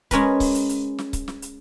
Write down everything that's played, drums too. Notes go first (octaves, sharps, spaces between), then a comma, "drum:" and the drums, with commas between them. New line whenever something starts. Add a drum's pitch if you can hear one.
G#3 C#4 A#4 B4, drum: kick C#1, hi-hat
drum: kick C#1, open hi-hat
drum: hi-hat
drum: hi-hat
drum: snare
drum: kick C#1, hi-hat
drum: snare
drum: hi-hat